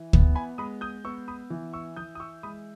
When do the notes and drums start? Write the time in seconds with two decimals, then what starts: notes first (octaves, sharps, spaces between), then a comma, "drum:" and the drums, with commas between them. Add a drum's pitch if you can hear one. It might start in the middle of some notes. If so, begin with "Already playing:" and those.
Already playing: E3
0.13 B3, drum: kick
0.35 G#5 B5
0.58 G#3 B5 D#6
0.81 D#6 G6
1.05 B3 C#6 E6
1.28 B5 D#6
1.50 E3
1.73 C#6 E6
1.96 E3 D#6 G6
2.15 D#6
2.20 C#6 E6
2.43 G#3 B5 D#6